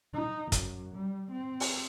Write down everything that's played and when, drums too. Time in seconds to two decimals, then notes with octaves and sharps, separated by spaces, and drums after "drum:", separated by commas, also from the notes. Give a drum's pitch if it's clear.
0.14 D#4
0.52 F#2, drum: kick, hi-hat
0.95 G3
1.31 C4
1.60 drum: open hi-hat